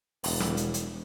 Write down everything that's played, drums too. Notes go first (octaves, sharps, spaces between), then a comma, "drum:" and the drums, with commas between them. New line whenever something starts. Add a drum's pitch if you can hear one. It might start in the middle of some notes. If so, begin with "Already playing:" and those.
E1, drum: open hi-hat
drum: snare
drum: hi-hat
drum: hi-hat